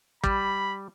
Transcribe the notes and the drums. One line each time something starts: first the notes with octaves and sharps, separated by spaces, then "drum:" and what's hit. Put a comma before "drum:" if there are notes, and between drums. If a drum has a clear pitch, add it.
G3 B5, drum: kick